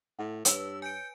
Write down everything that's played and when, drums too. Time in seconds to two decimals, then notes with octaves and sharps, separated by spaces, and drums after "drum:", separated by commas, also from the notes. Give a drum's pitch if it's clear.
0.19 A2 F#5
0.45 G2 B4 C#5 E6, drum: hi-hat
0.82 G#5 G6 C#7 D7